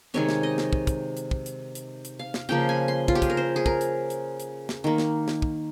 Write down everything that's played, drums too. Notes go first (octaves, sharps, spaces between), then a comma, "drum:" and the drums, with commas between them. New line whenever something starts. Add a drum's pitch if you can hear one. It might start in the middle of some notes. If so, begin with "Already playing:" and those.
C3 D#3 G#3 C#5
drum: snare
D#5
drum: snare
drum: kick
drum: kick, hi-hat
drum: hi-hat
drum: kick
drum: hi-hat
drum: hi-hat
drum: hi-hat
F5
drum: snare
C#3 F3 A#3 G5
G#5
C6
F4, drum: kick
G4
G#4, drum: kick, hi-hat
A#4
C5
G#4
A#4, drum: kick
drum: hi-hat
drum: hi-hat
drum: hi-hat
drum: snare
D#3 A#3
drum: snare
drum: snare
drum: kick